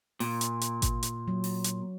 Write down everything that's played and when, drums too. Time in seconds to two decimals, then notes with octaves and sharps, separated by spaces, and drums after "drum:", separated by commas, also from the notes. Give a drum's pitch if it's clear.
0.20 A#2, drum: open hi-hat
0.41 drum: hi-hat
0.61 drum: hi-hat
0.82 drum: kick G#1, hi-hat
1.03 drum: hi-hat
1.28 F#3
1.44 drum: open hi-hat
1.64 drum: hi-hat